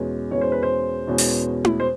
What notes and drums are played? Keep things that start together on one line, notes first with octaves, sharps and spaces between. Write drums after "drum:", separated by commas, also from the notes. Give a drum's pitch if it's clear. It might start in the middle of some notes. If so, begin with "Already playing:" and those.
Already playing: E2 B2 G#3 C#4
E2 B2 G#3 C#4 C#5
C5
B4
C5
E2 B2 G#3 C#4
drum: open hi-hat
drum: tom E4
C5